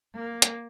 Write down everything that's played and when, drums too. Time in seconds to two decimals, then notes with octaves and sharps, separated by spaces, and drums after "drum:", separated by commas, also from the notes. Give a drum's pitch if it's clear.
0.14 A#3
0.42 drum: hi-hat